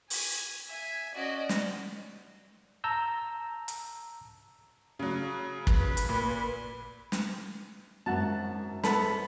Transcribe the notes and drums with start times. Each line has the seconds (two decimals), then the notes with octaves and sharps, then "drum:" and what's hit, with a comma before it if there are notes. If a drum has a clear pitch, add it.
0.10 G#5, drum: open hi-hat
0.67 E5 G#5
1.15 C#4 F#4 D5 D#5
1.49 drum: snare
2.84 A5 A#5 E6 G6
3.68 drum: hi-hat
4.99 C#3 F#3
5.67 B4, drum: kick
5.97 drum: hi-hat
6.09 A#2
7.12 drum: snare
8.06 G#1 F#2 F#4 A5
8.84 B3 A4 B5, drum: snare